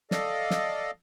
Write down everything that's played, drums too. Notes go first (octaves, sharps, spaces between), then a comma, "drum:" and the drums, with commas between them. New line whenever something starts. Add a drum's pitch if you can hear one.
A4 D5 D#5 F5, drum: snare
drum: snare